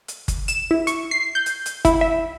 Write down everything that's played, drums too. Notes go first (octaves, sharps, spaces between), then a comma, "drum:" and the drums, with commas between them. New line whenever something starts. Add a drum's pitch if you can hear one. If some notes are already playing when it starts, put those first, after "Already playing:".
drum: hi-hat
drum: kick G1, hi-hat
E7, drum: hi-hat
E4
C#6, drum: hi-hat
C7
G6
drum: hi-hat
drum: hi-hat
E4, drum: kick G1, hi-hat
E5